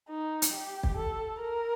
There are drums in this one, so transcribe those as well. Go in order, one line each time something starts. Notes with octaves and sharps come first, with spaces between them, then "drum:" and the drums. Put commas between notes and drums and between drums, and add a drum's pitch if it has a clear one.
D#4
drum: hi-hat
G4
drum: kick
A4
A#4